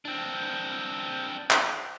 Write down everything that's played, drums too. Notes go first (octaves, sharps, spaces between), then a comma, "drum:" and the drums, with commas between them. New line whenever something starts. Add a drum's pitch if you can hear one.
C4 D4
drum: clap